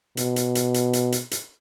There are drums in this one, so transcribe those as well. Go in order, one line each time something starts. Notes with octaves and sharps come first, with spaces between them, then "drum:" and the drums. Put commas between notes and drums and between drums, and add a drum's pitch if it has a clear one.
B2, drum: hi-hat
drum: hi-hat
drum: hi-hat
drum: hi-hat
drum: hi-hat
drum: hi-hat
drum: hi-hat